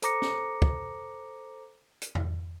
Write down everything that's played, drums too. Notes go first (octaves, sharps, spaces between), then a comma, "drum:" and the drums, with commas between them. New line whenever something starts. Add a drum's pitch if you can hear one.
A4 C5 A#5 D6 A#6 C#7, drum: hi-hat
drum: snare
drum: kick
drum: hi-hat
drum: tom E2